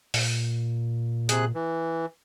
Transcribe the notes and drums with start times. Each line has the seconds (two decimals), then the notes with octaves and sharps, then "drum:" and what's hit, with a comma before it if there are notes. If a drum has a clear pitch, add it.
0.14 A#2, drum: open hi-hat
1.29 C3 G#4 F#6, drum: hi-hat
1.55 E3